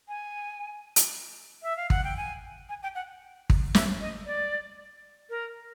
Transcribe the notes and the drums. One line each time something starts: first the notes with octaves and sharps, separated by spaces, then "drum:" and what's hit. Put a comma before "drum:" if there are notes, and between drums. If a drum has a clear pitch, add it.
G#5
drum: hi-hat
E5
F5
F#5, drum: kick
G5
G#5
G#5
G5
F#5
drum: kick
E5, drum: snare
D#5
D5
A#4